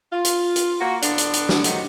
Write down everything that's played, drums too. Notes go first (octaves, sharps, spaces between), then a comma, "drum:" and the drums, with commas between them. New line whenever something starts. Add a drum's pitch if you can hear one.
F4
drum: hi-hat
drum: hi-hat
A#3 F#4
A2 D3 B3 D4, drum: hi-hat
drum: hi-hat
drum: hi-hat
drum: snare
F#2 C3 D#3 F#3 A3 F#4, drum: hi-hat